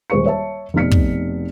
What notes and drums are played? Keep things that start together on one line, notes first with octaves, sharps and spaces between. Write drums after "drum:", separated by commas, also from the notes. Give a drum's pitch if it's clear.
D#1 G#3 C5 C#6 C#7
C#5 E5 A5
F1 B2 D#4 F6 B6 C#7
drum: kick